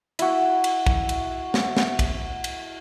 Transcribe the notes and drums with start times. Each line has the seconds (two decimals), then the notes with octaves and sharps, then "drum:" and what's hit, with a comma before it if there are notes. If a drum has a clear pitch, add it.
0.19 E4 F#4, drum: cymbal
0.64 drum: cymbal
0.87 drum: kick
1.09 drum: cymbal
1.54 drum: snare
1.77 drum: snare
1.99 drum: kick, cymbal
2.44 drum: cymbal